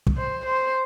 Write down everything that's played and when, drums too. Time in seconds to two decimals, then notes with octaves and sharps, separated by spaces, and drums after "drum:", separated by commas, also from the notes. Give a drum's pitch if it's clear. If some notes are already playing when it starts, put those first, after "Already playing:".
0.07 drum: kick
0.17 C5
0.46 C5